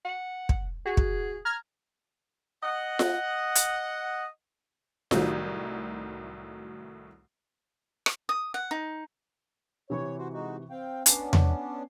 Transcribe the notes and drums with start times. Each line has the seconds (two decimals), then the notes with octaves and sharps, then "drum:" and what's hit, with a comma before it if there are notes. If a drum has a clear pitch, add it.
0.05 F#5
0.49 drum: kick
0.86 F#4 G#4
0.97 drum: kick
1.45 A#5 F6 G#6
2.63 D#5 F#5
2.99 drum: snare F4
3.55 drum: hi-hat
5.11 C2 A2 D#3 F#3, drum: snare F4
8.06 drum: rim click
8.29 D#6
8.54 F#5
8.71 D#4
9.90 C3 E3 C#5 C#6
10.19 F#4 C5
10.34 G#3 D#4 F#4
10.70 C4 F5 G5
11.06 B3 C#4 D4 G#5 C7, drum: hi-hat
11.33 drum: tom E2
11.50 G#5